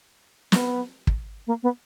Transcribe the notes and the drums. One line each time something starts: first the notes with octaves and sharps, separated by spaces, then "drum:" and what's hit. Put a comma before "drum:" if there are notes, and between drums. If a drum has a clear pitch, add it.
B3, drum: snare
drum: kick
A#3
B3